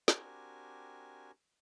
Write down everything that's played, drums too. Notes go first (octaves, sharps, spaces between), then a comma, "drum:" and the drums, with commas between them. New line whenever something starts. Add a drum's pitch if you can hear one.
C4 D4 F#4 G4 A#4 G#5, drum: snare